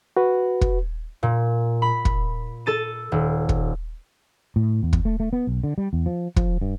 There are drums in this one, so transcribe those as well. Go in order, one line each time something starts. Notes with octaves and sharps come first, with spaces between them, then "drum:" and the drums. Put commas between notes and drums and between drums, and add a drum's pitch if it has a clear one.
F#4 B4
drum: kick
A#2
B5
drum: kick
A4 A6 D#7
D#1
drum: kick
A2
E2
drum: kick
A3
A3
B3
B1
D3
G3
E2
F3
F3, drum: kick
G2